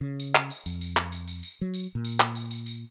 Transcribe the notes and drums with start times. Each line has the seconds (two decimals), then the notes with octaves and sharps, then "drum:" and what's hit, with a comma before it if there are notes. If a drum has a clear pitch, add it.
0.01 C#3
0.20 drum: tambourine
0.35 drum: clap
0.50 drum: tambourine
0.66 F2, drum: tambourine
0.81 drum: tambourine
0.97 drum: clap
1.12 drum: tambourine
1.28 drum: tambourine
1.43 drum: tambourine
1.61 F#3
1.74 drum: tambourine
1.95 A#2
2.05 drum: tambourine
2.20 drum: clap
2.35 drum: tambourine
2.51 drum: tambourine
2.66 drum: tambourine